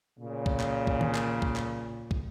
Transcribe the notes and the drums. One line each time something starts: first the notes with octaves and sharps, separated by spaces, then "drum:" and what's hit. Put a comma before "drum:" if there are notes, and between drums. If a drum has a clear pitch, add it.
A#2 C#3
drum: kick
drum: clap
drum: kick
drum: tom D#3
drum: clap
drum: kick
drum: clap
drum: kick